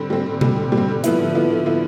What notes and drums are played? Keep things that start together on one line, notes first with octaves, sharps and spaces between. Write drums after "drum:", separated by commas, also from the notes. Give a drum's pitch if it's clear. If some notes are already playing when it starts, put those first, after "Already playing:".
Already playing: D3 G3 C4
G3 C4
D3
G3 C4, drum: tom B2
D3
G3
C4
D3
F3 B3 E4, drum: hi-hat
D3
F3 B3 E4
D3
F3 B3 E4